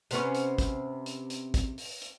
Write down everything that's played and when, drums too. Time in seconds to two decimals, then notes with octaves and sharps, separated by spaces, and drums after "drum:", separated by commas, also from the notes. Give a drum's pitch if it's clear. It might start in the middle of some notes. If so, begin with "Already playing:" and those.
0.11 C3 B3 C#4, drum: hi-hat
0.35 drum: hi-hat
0.58 drum: kick, hi-hat
1.06 drum: hi-hat
1.30 drum: hi-hat
1.54 drum: kick, hi-hat
1.78 drum: open hi-hat
2.02 drum: hi-hat